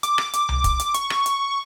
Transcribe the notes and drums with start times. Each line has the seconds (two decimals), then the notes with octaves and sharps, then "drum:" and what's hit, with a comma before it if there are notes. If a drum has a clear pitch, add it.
0.03 D6, drum: hi-hat
0.18 drum: rim click
0.33 D6, drum: hi-hat
0.49 drum: tom C2
0.64 drum: kick, hi-hat
0.80 drum: hi-hat
0.94 C#6, drum: hi-hat
1.10 drum: rim click
1.26 drum: hi-hat